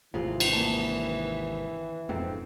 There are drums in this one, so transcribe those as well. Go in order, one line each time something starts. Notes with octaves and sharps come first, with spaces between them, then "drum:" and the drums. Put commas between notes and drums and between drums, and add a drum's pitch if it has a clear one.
G#1 C3 E3 F4 G#4
drum: cymbal
D#2 D5 A5
E1 F2 G#2 C4